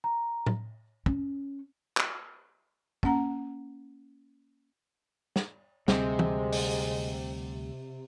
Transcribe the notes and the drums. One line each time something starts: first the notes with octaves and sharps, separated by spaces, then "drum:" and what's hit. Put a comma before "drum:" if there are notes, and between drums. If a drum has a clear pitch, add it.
A#5
drum: tom A2
C#4, drum: kick
drum: clap
A#3 C#4 F#5 A#5, drum: kick
drum: snare
D2 C3 G3 G#3 C4, drum: snare
drum: tom E3
drum: open hi-hat